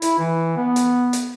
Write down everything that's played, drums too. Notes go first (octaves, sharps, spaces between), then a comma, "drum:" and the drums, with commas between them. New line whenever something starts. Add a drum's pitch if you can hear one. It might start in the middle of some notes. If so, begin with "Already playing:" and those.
E4, drum: hi-hat
E3
B3
drum: hi-hat
drum: hi-hat